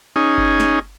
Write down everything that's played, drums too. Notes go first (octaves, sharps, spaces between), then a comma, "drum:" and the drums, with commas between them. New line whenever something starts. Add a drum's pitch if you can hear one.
C#4 D#4 G#4
drum: kick G1
drum: snare